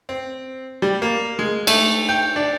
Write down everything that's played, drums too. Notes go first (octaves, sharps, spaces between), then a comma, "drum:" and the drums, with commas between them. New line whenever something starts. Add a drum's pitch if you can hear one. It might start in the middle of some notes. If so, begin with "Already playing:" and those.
C4
G3
A#3
G#3
A3, drum: cymbal
G5
D4